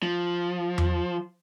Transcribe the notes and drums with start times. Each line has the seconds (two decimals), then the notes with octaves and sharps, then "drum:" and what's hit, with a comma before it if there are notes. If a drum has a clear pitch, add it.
0.03 F3
0.78 drum: tom E2